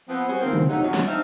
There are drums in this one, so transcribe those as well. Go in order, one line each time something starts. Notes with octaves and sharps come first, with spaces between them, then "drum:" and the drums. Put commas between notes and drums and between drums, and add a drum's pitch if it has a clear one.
F3 B3 C4
G3 F#4 G#4 C5
D3 D#3 F3 A#3 C4
drum: tom
F2 C3 F#3 A3 D#4
E3 F#3 C#4 D#4 F#4
drum: snare
C4 D4 D#4 C5 E5 F5